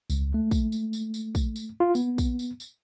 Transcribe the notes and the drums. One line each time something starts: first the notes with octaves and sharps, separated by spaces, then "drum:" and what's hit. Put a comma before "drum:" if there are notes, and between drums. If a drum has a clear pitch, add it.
C#2, drum: tambourine
A3
drum: kick, tambourine
drum: tambourine
drum: tambourine
drum: tambourine
drum: kick, tambourine
drum: tambourine
F4
B3, drum: tambourine
drum: kick, tambourine
drum: tambourine
drum: tambourine